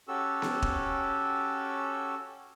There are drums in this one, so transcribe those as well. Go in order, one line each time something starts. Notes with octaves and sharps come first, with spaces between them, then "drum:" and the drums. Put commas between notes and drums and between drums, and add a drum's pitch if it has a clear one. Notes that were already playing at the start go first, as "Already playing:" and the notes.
C#4 F#4 G4 A4 E6
drum: snare B3
drum: kick